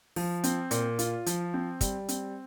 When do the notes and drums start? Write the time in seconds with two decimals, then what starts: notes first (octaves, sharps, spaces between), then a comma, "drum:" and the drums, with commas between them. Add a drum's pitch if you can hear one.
0.16 F3, drum: open hi-hat
0.44 C4, drum: hi-hat
0.71 A#2, drum: hi-hat
0.99 F4, drum: hi-hat
1.26 F3, drum: hi-hat
1.54 C4
1.81 G3, drum: kick, hi-hat
2.09 C4, drum: hi-hat